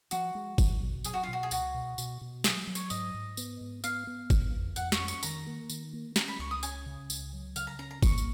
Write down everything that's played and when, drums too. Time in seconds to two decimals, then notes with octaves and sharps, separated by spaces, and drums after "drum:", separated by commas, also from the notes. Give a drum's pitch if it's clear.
0.11 F3 F#4, drum: tambourine
0.35 G#3
0.58 F#3, drum: kick G1, tambourine
0.82 B2
1.04 F#3 G#4, drum: tambourine
1.14 F#4
1.23 F4
1.28 B2 F#4
1.43 G#4
1.51 C#2 F#4, drum: tambourine
1.74 B2
1.98 B2, drum: tambourine
2.21 B2
2.44 F#3 G#4, drum: snare
2.67 F#3
2.75 C#5, drum: tambourine
2.90 G#2 D#5, drum: tambourine
3.14 G#2
3.37 B3, drum: tambourine
3.61 G#2
3.84 B3 F5, drum: tambourine
4.07 B3
4.30 F2, drum: kick G1, tambourine
4.53 F2
4.76 F2 F#5, drum: tambourine
4.92 C#6, drum: snare
5.00 C#4
5.08 C#6, drum: tambourine
5.23 D#3 A#5, drum: tambourine
5.46 A#3
5.70 D#3, drum: tambourine
5.93 A#3
6.16 C#4 A#5, drum: snare
6.28 B5
6.39 C#2 C#6
6.51 D#6
6.63 C#4 G#5, drum: tambourine
6.86 C#3
7.10 C#2, drum: tambourine
7.33 F#3
7.56 C#3 F5, drum: tambourine
7.67 A#5
7.79 C#4 A#5
7.91 A#5
8.03 A#3 C#6, drum: kick G1, tambourine
8.18 drum: tambourine